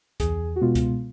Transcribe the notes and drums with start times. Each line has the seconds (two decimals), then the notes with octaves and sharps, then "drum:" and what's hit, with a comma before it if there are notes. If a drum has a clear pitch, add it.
0.20 E2 G#4, drum: kick C#2, hi-hat
0.56 F#4
0.61 B2 G#3 B3 F4
0.75 drum: kick C#2, hi-hat